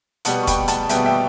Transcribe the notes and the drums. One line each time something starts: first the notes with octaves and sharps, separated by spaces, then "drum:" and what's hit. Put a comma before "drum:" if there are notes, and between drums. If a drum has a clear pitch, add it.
B2 G3 B3 F#5 A5, drum: hi-hat
C#6
G5 B5, drum: kick, hi-hat
F#5 A5, drum: hi-hat
B2 G3 B3 E5 G5, drum: hi-hat
E5 G5